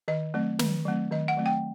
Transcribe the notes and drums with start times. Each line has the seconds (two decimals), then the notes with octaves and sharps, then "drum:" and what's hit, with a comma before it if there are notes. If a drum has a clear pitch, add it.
0.08 D#3 D#5
0.34 F#3 A3 C4
0.59 D#3, drum: snare
0.85 F#3 A3 C4
1.11 D#3 D#5
1.28 F#5
1.37 F#3 A3 C4
1.46 G5